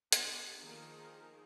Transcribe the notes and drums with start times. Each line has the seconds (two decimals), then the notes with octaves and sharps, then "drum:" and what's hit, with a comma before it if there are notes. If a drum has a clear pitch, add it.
0.12 B3 D4 G4, drum: hi-hat
0.61 D#3 F3 A#3 G#4 A#4